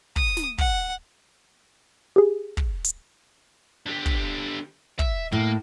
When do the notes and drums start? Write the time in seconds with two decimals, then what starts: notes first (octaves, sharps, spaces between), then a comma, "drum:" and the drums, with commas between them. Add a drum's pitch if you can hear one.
0.16 D#6, drum: kick
0.37 drum: snare
0.58 F#5, drum: kick
2.16 G4 G#4
2.57 drum: kick
2.84 drum: hi-hat
3.86 D3 G4
4.06 drum: kick
4.99 E5, drum: kick
5.32 A2 A#3